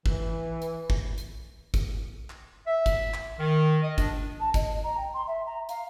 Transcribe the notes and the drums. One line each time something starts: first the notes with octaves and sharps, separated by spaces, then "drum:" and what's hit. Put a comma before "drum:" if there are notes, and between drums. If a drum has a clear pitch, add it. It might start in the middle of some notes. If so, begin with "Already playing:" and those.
E3, drum: kick
drum: hi-hat
drum: kick
drum: hi-hat
drum: kick, hi-hat
drum: clap
E5
drum: kick, hi-hat
drum: clap
D#3
D#5
D4, drum: kick, hi-hat
A5
D#5, drum: kick, hi-hat
A#5
G5
C6
E5
A#5
F5, drum: hi-hat